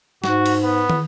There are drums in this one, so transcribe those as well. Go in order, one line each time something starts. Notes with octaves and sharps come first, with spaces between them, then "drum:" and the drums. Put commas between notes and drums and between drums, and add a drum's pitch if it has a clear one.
G#2 F#4, drum: snare
drum: cymbal
B3
drum: tom